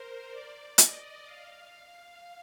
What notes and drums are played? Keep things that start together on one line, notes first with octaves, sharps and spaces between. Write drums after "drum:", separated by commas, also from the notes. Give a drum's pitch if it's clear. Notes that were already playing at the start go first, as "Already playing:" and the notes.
Already playing: A#4 C5
D5
D#5, drum: hi-hat
F5
F5